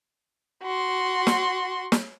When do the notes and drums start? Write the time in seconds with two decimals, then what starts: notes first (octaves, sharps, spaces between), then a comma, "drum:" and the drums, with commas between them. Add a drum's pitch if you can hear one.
0.63 F#4 C6
1.27 drum: snare
1.92 drum: snare